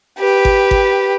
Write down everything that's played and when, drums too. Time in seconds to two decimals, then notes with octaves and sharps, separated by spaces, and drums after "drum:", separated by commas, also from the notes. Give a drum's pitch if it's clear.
0.19 G4 B4
0.45 drum: kick G#1
0.71 drum: kick G#1